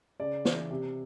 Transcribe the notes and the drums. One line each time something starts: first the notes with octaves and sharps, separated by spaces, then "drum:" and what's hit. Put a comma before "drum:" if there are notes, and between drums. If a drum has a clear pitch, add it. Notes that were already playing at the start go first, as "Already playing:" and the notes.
C#3 D5
E3, drum: snare
C3